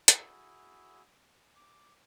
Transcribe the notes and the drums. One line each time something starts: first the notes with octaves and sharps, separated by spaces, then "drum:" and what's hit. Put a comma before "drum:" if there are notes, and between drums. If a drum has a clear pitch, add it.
E4 F#4 G#4, drum: hi-hat
D6